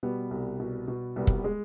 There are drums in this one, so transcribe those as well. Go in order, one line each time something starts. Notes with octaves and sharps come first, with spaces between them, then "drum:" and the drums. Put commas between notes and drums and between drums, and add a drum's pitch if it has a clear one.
B2 G3 B3
C2
B2
B2
C2 G3 B3
drum: kick
G#3